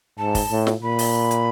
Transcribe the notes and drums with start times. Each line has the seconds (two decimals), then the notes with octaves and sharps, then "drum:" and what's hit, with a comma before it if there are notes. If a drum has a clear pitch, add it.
0.18 G#2 A5
0.35 drum: kick, open hi-hat
0.51 A2
0.67 drum: snare
0.83 A#2 B5
0.99 drum: open hi-hat
1.31 drum: hi-hat